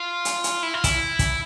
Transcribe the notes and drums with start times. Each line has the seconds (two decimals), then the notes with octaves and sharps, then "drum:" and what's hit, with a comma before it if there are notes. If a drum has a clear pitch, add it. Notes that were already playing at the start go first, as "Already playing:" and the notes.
Already playing: F4
0.25 drum: hi-hat
0.44 drum: hi-hat
0.63 E4
0.74 F4
0.84 E4, drum: kick, hi-hat
1.19 drum: kick, hi-hat